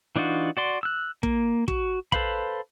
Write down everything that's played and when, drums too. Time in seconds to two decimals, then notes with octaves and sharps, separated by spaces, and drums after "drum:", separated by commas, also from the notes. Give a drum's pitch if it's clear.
0.16 E3 D4 D#4 F4 F#4
0.57 F#4 D5 C6
0.83 E6 F#6
1.23 A#3, drum: kick
1.68 F#4, drum: kick
2.12 A4 B4 C5 F5 B5, drum: kick